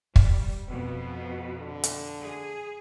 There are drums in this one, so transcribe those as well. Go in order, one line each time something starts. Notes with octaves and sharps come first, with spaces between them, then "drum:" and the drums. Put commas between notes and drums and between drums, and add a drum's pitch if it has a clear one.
G3, drum: kick
F2 B2 B3
D3
drum: hi-hat
G#4